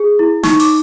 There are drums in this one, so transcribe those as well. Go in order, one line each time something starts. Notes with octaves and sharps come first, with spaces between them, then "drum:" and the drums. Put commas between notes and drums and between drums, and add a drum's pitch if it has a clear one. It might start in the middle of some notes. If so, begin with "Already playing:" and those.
Already playing: G#4
E4
D#4 C#6, drum: snare
D6, drum: open hi-hat